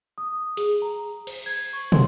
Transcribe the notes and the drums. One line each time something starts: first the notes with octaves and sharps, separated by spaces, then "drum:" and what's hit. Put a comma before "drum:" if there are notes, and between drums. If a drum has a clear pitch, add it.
D#6
G#4, drum: hi-hat
A#5
C5, drum: cymbal
G#6
C#6
C6, drum: tom